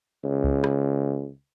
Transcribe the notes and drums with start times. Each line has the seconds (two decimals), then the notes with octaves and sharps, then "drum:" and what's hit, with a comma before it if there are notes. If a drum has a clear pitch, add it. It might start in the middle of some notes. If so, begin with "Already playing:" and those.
0.24 C#2
0.44 drum: kick C2
0.64 drum: rim click